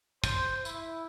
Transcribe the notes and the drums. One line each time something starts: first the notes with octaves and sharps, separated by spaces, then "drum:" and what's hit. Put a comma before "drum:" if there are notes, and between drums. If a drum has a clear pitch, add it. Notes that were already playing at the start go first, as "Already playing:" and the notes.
C5, drum: kick, tambourine
E4, drum: tambourine